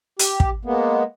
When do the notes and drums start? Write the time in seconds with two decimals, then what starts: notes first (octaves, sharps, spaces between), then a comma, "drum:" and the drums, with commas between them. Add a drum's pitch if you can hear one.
0.19 G4, drum: hi-hat
0.40 drum: kick
0.65 G#3 A#3 B3